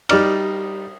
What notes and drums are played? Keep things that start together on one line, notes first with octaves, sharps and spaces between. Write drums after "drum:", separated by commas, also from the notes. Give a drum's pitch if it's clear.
G3 D#4 D5 F6, drum: cymbal